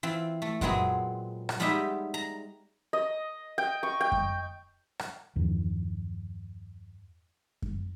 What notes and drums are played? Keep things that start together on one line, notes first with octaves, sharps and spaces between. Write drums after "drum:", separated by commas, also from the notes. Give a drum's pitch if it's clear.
E3 C4 F4
A3
A#2 F#3 G#3 B3 C4 G#4, drum: kick F#2
drum: rim click
G3 G#3 B3 D#4 G4 E5
A#5
D#5
G5
C#6
G5
drum: kick F#2
drum: rim click
E2 G2 D#3 F3
drum: kick F#2